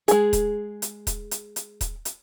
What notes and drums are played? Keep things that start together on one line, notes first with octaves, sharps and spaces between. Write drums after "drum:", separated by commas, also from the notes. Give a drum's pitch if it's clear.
G#3 G#4, drum: hi-hat
drum: kick D#1, hi-hat
drum: hi-hat
drum: kick D#1, hi-hat
drum: hi-hat
drum: hi-hat
drum: kick D#1, hi-hat
drum: hi-hat